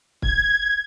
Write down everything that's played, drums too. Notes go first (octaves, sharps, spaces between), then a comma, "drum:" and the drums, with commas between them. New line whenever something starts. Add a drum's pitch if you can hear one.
G#6, drum: kick